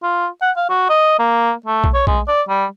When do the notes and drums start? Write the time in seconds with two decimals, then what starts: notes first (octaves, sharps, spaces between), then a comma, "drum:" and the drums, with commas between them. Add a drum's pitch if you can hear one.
0.03 F4
0.42 F#5
0.57 F5
0.69 F#4
0.90 D#5
1.19 A#3
1.66 A3
1.84 drum: kick B1
1.94 C#5
2.07 G#3, drum: kick B1
2.28 D5
2.49 G3